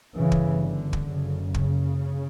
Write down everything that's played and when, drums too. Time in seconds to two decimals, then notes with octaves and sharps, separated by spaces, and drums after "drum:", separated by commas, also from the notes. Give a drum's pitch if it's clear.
0.16 G1 G2 C#3 E3
0.32 drum: kick
0.62 D3
0.93 drum: kick
1.08 F#1 F#2 C#3
1.54 C#3, drum: kick